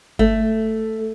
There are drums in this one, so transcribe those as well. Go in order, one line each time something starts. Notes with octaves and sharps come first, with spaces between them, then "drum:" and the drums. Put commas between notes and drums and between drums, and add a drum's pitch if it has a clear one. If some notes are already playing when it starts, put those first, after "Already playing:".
A3, drum: kick G1